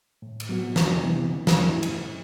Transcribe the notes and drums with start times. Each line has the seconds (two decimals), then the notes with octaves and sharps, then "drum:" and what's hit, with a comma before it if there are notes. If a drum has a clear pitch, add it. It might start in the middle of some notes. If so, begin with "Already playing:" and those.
0.22 A2
0.40 drum: cymbal
0.49 F#3 B3 F#4
0.76 C2, drum: snare
1.03 C3 E3 G3 B3
1.29 D3
1.47 drum: snare
1.56 F#3 A3 E4
1.83 G2, drum: cymbal